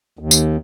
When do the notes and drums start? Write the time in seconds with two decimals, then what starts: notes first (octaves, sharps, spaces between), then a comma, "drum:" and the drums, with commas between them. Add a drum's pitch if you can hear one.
0.19 D#2
0.31 drum: tambourine